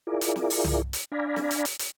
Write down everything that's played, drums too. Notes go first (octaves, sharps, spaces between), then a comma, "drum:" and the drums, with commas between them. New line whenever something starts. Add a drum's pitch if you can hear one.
E4 F4 G#4 A#4 D5
drum: hi-hat
drum: snare
drum: open hi-hat
drum: tom C2
drum: hi-hat
D4 D5 F5 G#5 A#5 B5
drum: snare
drum: hi-hat
drum: hi-hat
drum: hi-hat